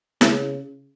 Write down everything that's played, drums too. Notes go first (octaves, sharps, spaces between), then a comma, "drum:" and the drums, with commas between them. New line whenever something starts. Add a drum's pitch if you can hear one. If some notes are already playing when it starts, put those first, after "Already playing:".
C#3, drum: snare E4